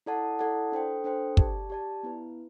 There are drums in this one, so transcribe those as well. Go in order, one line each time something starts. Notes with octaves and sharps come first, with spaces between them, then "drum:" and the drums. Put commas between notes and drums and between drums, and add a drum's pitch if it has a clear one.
E4 A4 D5 F#5 A5
E4 A4 D5 F#5 A5
D4 A4 C5 G5
D4 A4 C5 G5
G4 D5 A5, drum: kick
G4 D5 A5
B3 E4 B4